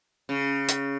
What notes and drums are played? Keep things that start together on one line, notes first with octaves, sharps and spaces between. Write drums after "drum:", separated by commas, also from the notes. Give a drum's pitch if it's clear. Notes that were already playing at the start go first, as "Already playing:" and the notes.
C#3
drum: hi-hat